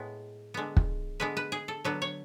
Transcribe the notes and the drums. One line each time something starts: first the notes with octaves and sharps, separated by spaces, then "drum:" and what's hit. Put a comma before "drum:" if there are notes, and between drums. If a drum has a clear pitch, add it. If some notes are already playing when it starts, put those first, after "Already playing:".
Already playing: A2 G#3 B3
D3 G#3 B3
drum: kick
D3 G#3 B3 B4
B4
G#4
A4
D3 F#3 B3 B4
C#5